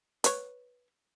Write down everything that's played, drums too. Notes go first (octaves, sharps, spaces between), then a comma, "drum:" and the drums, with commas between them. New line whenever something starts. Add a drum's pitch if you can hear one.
B4 C#5, drum: hi-hat